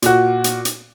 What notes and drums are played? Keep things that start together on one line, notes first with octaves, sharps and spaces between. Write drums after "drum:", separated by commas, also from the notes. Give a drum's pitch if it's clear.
A#2 F#4, drum: hi-hat
drum: hi-hat
drum: hi-hat